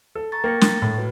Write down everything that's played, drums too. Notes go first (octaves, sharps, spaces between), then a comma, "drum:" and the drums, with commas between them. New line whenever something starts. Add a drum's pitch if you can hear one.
A4
A#5 C#6 A6
A#3 G5 A#6 C#7
A6, drum: snare
A2
F#4 B4